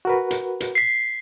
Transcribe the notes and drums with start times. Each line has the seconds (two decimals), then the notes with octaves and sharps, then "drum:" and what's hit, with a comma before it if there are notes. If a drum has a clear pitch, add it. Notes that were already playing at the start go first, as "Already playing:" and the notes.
0.05 F#4 A#4 B4
0.31 drum: hi-hat
0.60 drum: hi-hat
0.75 B6 C7